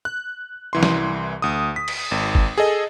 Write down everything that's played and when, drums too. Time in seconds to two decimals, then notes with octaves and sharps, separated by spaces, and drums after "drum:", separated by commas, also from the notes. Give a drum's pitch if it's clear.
0.05 F#6
0.73 C2 E3 C6
0.83 drum: snare
1.42 D2 D#6
1.76 B6
1.88 drum: cymbal
2.11 G#1
2.35 drum: kick
2.58 G#4 A4 D#5